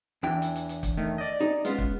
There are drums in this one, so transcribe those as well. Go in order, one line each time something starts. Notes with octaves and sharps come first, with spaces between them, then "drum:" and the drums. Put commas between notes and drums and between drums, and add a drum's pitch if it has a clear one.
E2 E3 D4 G5
drum: hi-hat
drum: hi-hat
drum: hi-hat
drum: kick, hi-hat
D#3 A3
D5 D#5
D#4 G#4
G#3 B3 C#4 F4, drum: hi-hat
drum: kick